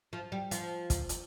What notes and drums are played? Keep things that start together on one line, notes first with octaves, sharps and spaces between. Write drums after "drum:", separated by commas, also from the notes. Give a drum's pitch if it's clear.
F3
G3
F3, drum: hi-hat
drum: kick, hi-hat
drum: hi-hat